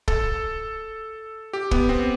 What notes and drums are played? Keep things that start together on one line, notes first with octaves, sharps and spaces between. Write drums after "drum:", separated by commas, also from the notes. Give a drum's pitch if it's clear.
A4, drum: kick
G4
B3, drum: kick
C4